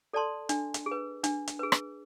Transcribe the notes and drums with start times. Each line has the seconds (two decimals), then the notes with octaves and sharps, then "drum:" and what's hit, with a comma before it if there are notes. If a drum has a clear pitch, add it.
0.13 A4 D5 A5 C6
0.49 D4, drum: hi-hat
0.74 drum: hi-hat
0.86 G#4
0.91 B4
1.24 D4, drum: hi-hat
1.48 drum: hi-hat
1.59 G#4 B4
1.72 drum: rim click